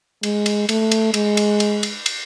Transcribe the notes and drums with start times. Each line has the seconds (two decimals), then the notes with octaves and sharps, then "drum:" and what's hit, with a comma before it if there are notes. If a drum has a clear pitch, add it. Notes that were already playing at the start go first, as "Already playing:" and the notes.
0.23 G#3, drum: cymbal
0.46 drum: cymbal
0.69 A3, drum: cymbal
0.92 drum: cymbal
1.14 G#3, drum: cymbal
1.37 drum: cymbal
1.60 drum: cymbal
1.83 drum: cymbal
2.06 drum: cymbal